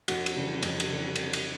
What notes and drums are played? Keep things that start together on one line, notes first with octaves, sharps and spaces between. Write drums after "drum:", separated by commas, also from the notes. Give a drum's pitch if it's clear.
F2 F#4, drum: cymbal
drum: cymbal
C#3 E3 G3
F2, drum: cymbal
drum: cymbal
C#3 E3 G3
drum: cymbal
drum: cymbal